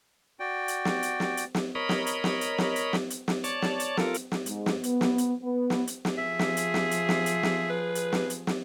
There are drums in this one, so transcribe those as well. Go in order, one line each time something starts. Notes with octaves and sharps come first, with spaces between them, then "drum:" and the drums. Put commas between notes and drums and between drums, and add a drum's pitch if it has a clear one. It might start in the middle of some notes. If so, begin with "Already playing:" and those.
F#4 D5 G5
drum: hi-hat
drum: snare
drum: hi-hat
drum: snare
drum: hi-hat
drum: snare
A#4 C#5 D#5 B5
drum: snare
drum: hi-hat
drum: snare
drum: hi-hat
drum: snare
drum: hi-hat
drum: snare
drum: hi-hat
drum: snare
C#5 D5 A5, drum: hi-hat
drum: snare
drum: hi-hat
F4 A4 A#4, drum: snare
drum: hi-hat
drum: snare
G#2, drum: hi-hat
drum: snare
B3, drum: hi-hat
drum: snare
drum: hi-hat
B3
drum: snare
drum: hi-hat
drum: snare
F3 G#4 E5
drum: snare
drum: hi-hat
drum: snare
drum: hi-hat
drum: snare
drum: hi-hat
drum: snare
B4
drum: hi-hat
drum: snare
drum: hi-hat
drum: snare